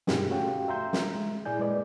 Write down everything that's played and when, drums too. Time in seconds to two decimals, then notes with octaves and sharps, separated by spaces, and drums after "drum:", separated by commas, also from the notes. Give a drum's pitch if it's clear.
0.07 G2 B2 D#3 D#4 G4 G#4, drum: snare
0.30 A3 C#4 F#4 G4 F5 G5
0.68 E5 A#5 C6 G6
0.93 drum: snare
1.15 G#3
1.45 A#2 E4 G#4 D5 G#5 G6
1.59 G#3 A#3 B4 D5 D#5